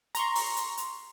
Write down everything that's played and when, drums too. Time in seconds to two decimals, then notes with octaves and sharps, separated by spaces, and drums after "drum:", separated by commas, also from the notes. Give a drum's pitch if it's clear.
0.15 A#5 C6 C#6, drum: hi-hat
0.36 drum: open hi-hat
0.57 drum: hi-hat
0.78 drum: hi-hat